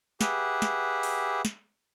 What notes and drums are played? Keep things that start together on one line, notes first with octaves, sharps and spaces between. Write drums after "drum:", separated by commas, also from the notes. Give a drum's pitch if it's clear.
G4 G#4 B4 E5 F#5, drum: snare
drum: snare
drum: open hi-hat
drum: snare